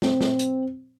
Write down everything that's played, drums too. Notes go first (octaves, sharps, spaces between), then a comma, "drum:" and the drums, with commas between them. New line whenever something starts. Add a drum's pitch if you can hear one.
C4, drum: snare
drum: snare
drum: hi-hat